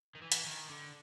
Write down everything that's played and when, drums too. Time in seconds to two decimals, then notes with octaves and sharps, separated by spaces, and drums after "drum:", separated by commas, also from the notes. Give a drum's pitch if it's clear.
0.15 D#3
0.22 E3
0.32 drum: hi-hat
0.46 D#3
0.69 D3